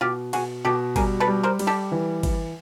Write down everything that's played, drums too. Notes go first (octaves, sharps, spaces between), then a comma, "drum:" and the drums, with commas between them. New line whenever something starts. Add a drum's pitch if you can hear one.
B2 F4 G4
B2 F#4 G#4, drum: cymbal
B2 G4 A4
G3 G#4 A#4, drum: kick, cymbal
A4 B4
G3
A#4 C5
G3, drum: cymbal
G4 A4
E3
E3, drum: kick, cymbal